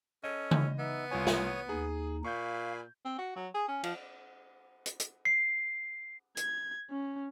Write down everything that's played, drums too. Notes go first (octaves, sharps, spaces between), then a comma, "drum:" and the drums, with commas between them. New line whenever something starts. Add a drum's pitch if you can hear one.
C#4 A4 D#5
drum: tom C#3
B3 D#4 E5
C2 F4 C#5 G#5 C#6 D#6
drum: snare
D#2 D#4 G#4 D#6
A#2 F5 G#5 B5 C#6 G6
C4
F#4
F#3
G#4
C#4
F3, drum: cymbal
drum: hi-hat
drum: hi-hat
C7
G#6, drum: hi-hat
C#4